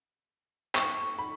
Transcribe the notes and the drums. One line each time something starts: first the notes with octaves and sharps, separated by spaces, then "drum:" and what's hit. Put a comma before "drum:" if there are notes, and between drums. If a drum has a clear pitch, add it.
C#6, drum: clap
B5